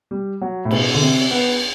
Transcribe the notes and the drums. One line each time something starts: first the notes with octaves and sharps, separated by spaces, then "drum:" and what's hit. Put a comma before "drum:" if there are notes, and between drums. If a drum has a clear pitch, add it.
G3
F#3
A2
B2, drum: cymbal
D3
C3
B3